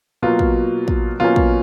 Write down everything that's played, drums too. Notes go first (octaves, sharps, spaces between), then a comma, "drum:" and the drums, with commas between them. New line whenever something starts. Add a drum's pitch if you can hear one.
B2 F#3 A#3 F4
drum: kick
drum: kick
B2 F#3 A#3 C#4 F4
drum: kick